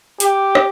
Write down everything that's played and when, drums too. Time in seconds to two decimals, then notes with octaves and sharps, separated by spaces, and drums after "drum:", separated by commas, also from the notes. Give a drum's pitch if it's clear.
0.20 G4, drum: hi-hat
0.55 drum: rim click